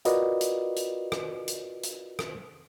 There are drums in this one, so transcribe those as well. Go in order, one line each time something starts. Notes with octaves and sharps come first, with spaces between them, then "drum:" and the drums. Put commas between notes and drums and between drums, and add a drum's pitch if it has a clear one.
F4 F#4 A#4 B4 D5 D#5, drum: hi-hat
drum: hi-hat
drum: hi-hat
drum: rim click
drum: hi-hat
drum: hi-hat
drum: rim click